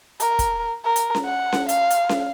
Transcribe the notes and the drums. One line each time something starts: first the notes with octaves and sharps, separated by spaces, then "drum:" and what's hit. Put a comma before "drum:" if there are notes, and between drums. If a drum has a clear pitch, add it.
A#4, drum: hi-hat
drum: kick, hi-hat
A#4
drum: hi-hat
drum: snare C#4
F#5
drum: snare C#4
F5, drum: hi-hat
drum: hi-hat
drum: snare C#4